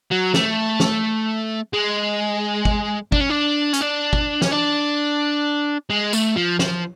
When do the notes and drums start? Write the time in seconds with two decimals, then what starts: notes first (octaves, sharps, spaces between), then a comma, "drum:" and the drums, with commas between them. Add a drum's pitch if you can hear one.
0.11 F#3
0.34 A3, drum: snare
0.80 drum: snare
1.73 G#3
2.65 drum: kick
3.12 D4, drum: kick
3.21 C#4
3.30 D4
3.73 C#4, drum: hi-hat
3.81 D4
4.13 drum: kick
4.42 C#4, drum: snare
4.51 D4
5.90 G#3
6.13 A3, drum: tambourine
6.36 F3
6.59 F3, drum: snare